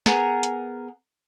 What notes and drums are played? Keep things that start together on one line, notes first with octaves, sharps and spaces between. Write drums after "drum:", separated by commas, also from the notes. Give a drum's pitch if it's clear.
B3 G#4 A#4 A#5, drum: snare
drum: hi-hat